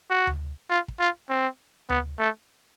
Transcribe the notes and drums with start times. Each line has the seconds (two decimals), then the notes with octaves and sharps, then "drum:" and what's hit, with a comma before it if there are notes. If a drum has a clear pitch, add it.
0.10 F#4
0.27 drum: tom D2
0.70 F4
0.88 drum: kick
1.00 F4
1.29 C4
1.89 B3, drum: tom D2
2.20 A3